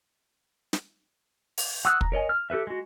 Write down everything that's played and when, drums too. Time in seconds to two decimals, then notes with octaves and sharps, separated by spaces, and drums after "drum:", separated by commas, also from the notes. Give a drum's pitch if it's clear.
0.73 drum: snare
1.58 drum: open hi-hat
1.85 F#5 C#6 D#6 E6 F#6
2.01 A#5, drum: kick
2.12 A#4 C#5 D#5 G#5
2.29 F6
2.50 G4 A4 B4 E5
2.67 G#3 F#4